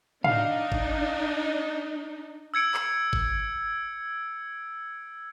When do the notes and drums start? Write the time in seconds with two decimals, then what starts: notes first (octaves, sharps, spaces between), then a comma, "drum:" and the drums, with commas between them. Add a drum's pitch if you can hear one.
0.24 D4 D#4 F5, drum: tom
0.72 drum: kick G#1
2.54 E6 G#6 C#7 D7
2.74 drum: clap
3.13 drum: kick G#1